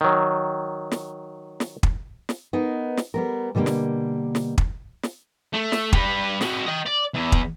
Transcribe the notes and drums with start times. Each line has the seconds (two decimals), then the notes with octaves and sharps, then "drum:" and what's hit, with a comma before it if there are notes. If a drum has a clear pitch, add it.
0.01 D#3 F#3
0.91 drum: snare
1.60 drum: snare
1.83 drum: kick
2.29 drum: snare
2.53 B3 D#4 A#4
2.97 drum: snare
3.14 G3 B3 A#4
3.55 B2 D3 G3 G#3 A#3
3.66 drum: snare
4.35 drum: snare
4.58 drum: kick
5.03 drum: snare
5.54 A3
5.72 drum: snare
5.93 G3 B4, drum: kick
6.41 C4 F#4, drum: snare
6.66 D#5 G5
6.86 D5
7.14 E2 E3
7.32 drum: kick